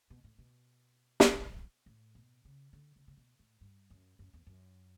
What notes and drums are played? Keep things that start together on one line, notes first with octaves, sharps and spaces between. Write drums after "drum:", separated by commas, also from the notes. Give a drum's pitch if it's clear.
B2
A2
B2
drum: snare
A2
B2
C#3
D3
C#3
C#3
B2
A2
G2
F#2
F#2
E2
F#2